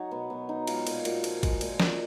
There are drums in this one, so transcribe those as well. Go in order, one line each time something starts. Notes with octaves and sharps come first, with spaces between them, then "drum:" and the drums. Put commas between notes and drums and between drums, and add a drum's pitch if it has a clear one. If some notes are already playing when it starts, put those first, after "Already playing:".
Already playing: F#3 D#4 F#4 C#5
B2 B3
F#3 B3
F#3 D#4
G#3 F4, drum: cymbal
A#2, drum: cymbal
A#2 F#4, drum: cymbal
F3, drum: cymbal
G#3, drum: kick, cymbal
A#2, drum: cymbal
A#2, drum: snare